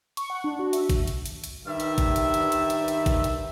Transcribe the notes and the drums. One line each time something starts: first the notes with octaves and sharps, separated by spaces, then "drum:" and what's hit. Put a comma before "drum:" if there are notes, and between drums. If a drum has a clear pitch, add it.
C#6, drum: hi-hat
F#5
D4
F#4
E5, drum: hi-hat
drum: kick G#1, hi-hat
drum: hi-hat
drum: hi-hat
drum: hi-hat
G2 D#3 E5
drum: hi-hat
drum: kick G#1, hi-hat
drum: hi-hat
drum: hi-hat
drum: hi-hat
drum: hi-hat
drum: hi-hat
drum: kick G#1, hi-hat
drum: hi-hat